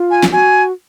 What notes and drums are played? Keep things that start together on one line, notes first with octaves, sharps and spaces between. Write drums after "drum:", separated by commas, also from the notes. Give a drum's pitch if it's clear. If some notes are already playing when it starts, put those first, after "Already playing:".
Already playing: F4
G#5
drum: snare
F#4 G#5